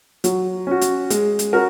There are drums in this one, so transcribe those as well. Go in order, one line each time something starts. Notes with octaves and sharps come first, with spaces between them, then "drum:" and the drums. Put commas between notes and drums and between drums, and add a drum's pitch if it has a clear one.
F#3, drum: hi-hat
C#4 F#4
drum: hi-hat
G#3, drum: hi-hat
drum: hi-hat
C#4 F#4 A#4